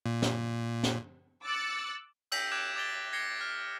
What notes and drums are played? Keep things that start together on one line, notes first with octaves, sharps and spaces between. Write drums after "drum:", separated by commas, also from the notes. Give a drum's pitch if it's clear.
A#2
drum: snare
drum: snare
D6 E6 F#6 A6 C#7
E6 G6 A#6 B6, drum: cymbal
D6 F#6 G#6 D7 E7
D6 G#6 A6 D7 G7
G#6 A#6 C7 C#7 G7
F6